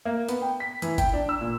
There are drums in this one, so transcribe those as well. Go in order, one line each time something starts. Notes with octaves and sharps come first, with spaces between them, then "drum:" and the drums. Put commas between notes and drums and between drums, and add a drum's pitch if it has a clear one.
A#3
B3, drum: hi-hat
G5
B6
E3, drum: hi-hat
G5, drum: kick G1, hi-hat
D4
E6
A#2